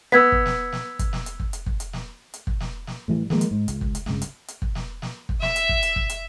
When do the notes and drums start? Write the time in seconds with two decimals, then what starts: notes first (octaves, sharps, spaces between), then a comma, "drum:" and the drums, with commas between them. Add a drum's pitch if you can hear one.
0.12 B3 E6 G#6 B6
0.32 drum: kick
0.46 drum: snare
0.72 drum: snare
0.99 drum: kick, hi-hat
1.13 drum: snare
1.26 drum: hi-hat
1.40 drum: kick
1.53 drum: hi-hat
1.66 drum: kick
1.80 drum: hi-hat
1.93 drum: snare
2.34 drum: hi-hat
2.47 drum: kick
2.60 drum: snare
2.87 drum: snare
3.08 A2 E3 F3 G3
3.30 D#3 F3 G#3 A#3, drum: snare
3.41 drum: hi-hat
3.51 G#2
3.68 C#2, drum: hi-hat
3.81 drum: kick
3.95 drum: hi-hat
4.06 C#2 G2 C#3, drum: snare
4.22 drum: hi-hat
4.48 drum: hi-hat
4.62 drum: kick
4.75 drum: snare
5.02 drum: snare
5.29 drum: kick
5.42 E5, drum: snare
5.56 drum: hi-hat
5.69 drum: kick
5.83 drum: hi-hat
5.96 drum: kick
6.10 drum: hi-hat